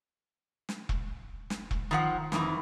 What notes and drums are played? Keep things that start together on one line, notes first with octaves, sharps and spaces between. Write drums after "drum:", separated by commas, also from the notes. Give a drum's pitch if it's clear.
drum: snare
drum: kick E1
drum: snare
drum: kick E1
D#3 F3 F#5
F2 D#3 E3, drum: snare